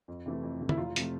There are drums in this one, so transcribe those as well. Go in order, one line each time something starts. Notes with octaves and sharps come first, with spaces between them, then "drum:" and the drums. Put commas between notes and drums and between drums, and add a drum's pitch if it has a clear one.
F2
C3 E3 A3
F2
C3 E3 A3
E4, drum: tom
F1 F4
C3 F3 A3, drum: hi-hat